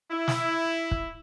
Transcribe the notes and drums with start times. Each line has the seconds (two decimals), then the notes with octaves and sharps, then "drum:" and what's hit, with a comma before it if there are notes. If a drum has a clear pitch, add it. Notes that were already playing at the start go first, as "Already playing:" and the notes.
0.12 E4
0.28 drum: snare
0.91 drum: kick